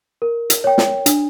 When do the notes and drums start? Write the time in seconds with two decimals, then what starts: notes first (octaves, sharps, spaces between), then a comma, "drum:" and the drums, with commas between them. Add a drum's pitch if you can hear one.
0.22 A#4
0.50 drum: hi-hat
0.64 C#5 G5
0.78 drum: snare
1.06 D4, drum: hi-hat